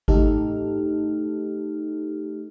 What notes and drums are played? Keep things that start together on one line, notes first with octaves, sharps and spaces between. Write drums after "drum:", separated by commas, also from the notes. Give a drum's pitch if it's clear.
A3 D#4 G4 A4 F6, drum: kick G#1